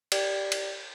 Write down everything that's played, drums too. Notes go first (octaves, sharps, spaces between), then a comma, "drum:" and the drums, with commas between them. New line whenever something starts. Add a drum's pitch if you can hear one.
G4 D5 G5 G#6, drum: cymbal
drum: cymbal